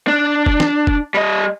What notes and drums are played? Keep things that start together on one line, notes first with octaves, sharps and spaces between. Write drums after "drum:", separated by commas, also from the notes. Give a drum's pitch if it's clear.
D4
drum: kick
drum: snare
drum: kick
G3 D#5